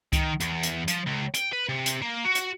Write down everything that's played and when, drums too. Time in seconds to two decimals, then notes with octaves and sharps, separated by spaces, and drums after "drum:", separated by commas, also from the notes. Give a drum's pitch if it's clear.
0.13 D#3, drum: kick C2, hi-hat
0.40 E2, drum: hi-hat
0.63 drum: hi-hat
0.88 F3, drum: hi-hat
1.06 C#2
1.34 G5, drum: hi-hat
1.53 B4
1.69 C3
1.86 drum: hi-hat
2.02 A#3
2.24 F#4
2.35 drum: hi-hat